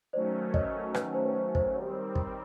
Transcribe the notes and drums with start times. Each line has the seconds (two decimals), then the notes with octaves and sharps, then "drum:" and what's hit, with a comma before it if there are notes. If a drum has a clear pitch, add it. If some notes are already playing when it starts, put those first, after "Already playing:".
0.13 D#3 F#3 A3 C#4 C5 D5
0.54 C#5 D#5, drum: kick
0.94 B4, drum: rim click
1.14 C5
1.25 B4
1.35 C5
1.55 C5, drum: kick
1.75 D#3 G3 C4 C#5
2.15 drum: kick